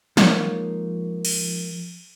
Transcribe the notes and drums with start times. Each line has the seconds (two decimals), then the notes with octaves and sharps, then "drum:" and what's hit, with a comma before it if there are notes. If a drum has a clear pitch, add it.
0.17 F3 G#3 A#3 D#4 C#5, drum: snare
1.25 drum: cymbal